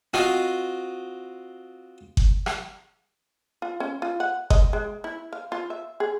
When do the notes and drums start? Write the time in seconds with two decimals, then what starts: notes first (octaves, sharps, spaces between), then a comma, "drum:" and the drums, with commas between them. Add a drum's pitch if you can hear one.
0.14 C4 F4 F#4 C5 D#5 F5, drum: rim click
2.17 drum: kick G1
2.46 drum: rim click
3.62 F4
3.80 C#4
4.02 F4
4.20 F#5
4.50 D#5, drum: kick G1
4.73 G#3
5.04 E4
5.33 F5
5.52 F4
5.70 E5
6.00 G#4